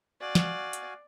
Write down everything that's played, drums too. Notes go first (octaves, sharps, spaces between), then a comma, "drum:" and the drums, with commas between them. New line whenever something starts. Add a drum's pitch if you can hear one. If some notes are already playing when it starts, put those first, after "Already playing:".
F#4 D5 F5 G#5
drum: snare
drum: hi-hat